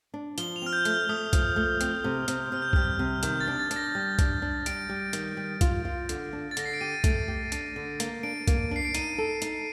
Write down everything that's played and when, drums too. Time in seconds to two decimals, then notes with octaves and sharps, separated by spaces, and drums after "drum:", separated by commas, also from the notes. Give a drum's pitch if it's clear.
0.14 D4
0.38 F3 G7, drum: hi-hat
0.56 F7
0.62 C4 F6
0.73 G6
0.85 A3, drum: hi-hat
0.91 F6
1.09 A3 D#6
1.33 F3, drum: kick B1, hi-hat
1.56 A3
1.81 C4, drum: hi-hat
2.04 C3
2.28 C3, drum: hi-hat
2.52 C3 F6
2.62 G6
2.73 G3 F6, drum: kick B1
2.99 C3
3.23 D#3 G6, drum: hi-hat
3.41 A6
3.47 D4
3.60 A6
3.71 D4, drum: hi-hat
3.76 A#6
3.95 G3
4.19 D4, drum: kick B1, hi-hat
4.42 D4
4.66 G3 D7, drum: hi-hat
4.89 G3
5.13 D#3, drum: hi-hat
5.37 G3
5.61 F4, drum: kick B1, hi-hat
5.85 F4
6.09 D3, drum: hi-hat
6.33 D4
6.51 A6
6.57 D3 A#6, drum: hi-hat
6.66 C7
6.73 D7
6.81 G4 D#7
7.04 A3, drum: kick B1, hi-hat
7.28 G4
7.52 D4, drum: hi-hat
7.76 D3
8.00 A#3, drum: hi-hat
8.23 D4 D7
8.48 A#3, drum: kick B1, hi-hat
8.71 D4 C7
8.85 D7
8.94 D#4 D#7, drum: hi-hat
9.18 A4
9.42 D#4, drum: hi-hat